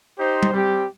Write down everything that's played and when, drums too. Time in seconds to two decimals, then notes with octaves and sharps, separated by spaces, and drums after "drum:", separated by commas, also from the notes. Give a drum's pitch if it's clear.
0.18 D#4 G4 C5
0.43 drum: tom G3
0.52 G3 C4 G4